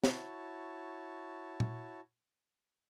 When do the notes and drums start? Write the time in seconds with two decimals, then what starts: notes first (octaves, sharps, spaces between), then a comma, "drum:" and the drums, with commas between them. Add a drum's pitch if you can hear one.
0.04 E4 F#4 C#5 A5, drum: snare
1.60 drum: tom